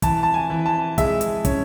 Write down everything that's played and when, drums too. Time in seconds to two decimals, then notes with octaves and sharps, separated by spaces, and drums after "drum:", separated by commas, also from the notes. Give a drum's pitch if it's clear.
0.02 E3 A5, drum: kick, hi-hat
0.23 A5
0.34 G#5
0.50 E3
0.66 A5
0.98 G#3 E5, drum: kick, hi-hat
1.21 drum: hi-hat
1.45 C#4, drum: kick, hi-hat